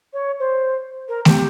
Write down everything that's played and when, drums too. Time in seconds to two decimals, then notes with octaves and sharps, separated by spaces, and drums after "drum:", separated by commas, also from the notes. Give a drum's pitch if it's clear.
0.13 C#5
0.39 C5
1.08 A#4
1.25 G4, drum: snare A3